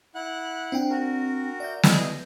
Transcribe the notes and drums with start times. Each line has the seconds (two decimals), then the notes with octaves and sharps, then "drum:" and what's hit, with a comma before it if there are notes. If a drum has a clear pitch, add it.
0.15 E4 F#5 F#6
0.72 C4 D4 G5
0.90 F#4 A#4
1.60 D5 E5 G6
1.83 E4 G#4 D#5, drum: snare